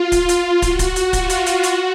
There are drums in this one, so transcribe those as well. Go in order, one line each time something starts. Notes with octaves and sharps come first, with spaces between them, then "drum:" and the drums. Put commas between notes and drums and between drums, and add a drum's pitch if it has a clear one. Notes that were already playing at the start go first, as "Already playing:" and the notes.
Already playing: F4
drum: kick, hi-hat
drum: hi-hat
F#4, drum: kick, hi-hat
drum: kick, hi-hat
drum: hi-hat
F4, drum: kick, hi-hat
drum: hi-hat
drum: hi-hat
F#4, drum: hi-hat